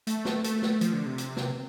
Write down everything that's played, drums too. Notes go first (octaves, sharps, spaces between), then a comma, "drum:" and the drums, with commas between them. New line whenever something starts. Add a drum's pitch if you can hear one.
A3, drum: hi-hat
drum: snare
A3, drum: hi-hat
drum: snare
F3, drum: hi-hat
D3
C3
drum: hi-hat
drum: snare